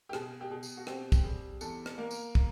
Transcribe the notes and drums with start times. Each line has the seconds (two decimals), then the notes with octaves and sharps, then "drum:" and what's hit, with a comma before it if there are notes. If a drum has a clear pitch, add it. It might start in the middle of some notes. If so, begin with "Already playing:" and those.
0.09 G4
0.13 B2 G#4, drum: rim click
0.41 G4
0.50 B2 G#4
0.63 drum: tambourine
0.77 F#4
0.87 C4 G4, drum: rim click
1.12 drum: kick, tambourine
1.24 G3 G#4
1.61 E2 A4, drum: tambourine
1.86 drum: rim click
1.98 A#3 A#4
2.11 drum: tambourine
2.35 drum: kick